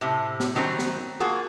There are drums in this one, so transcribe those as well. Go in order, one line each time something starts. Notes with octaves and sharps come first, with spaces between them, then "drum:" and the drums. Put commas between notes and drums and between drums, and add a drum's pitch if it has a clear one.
A2 C3
drum: snare
D#3 F#3 G3 C4 C#4
drum: snare
A#3 F4 F#4 G#4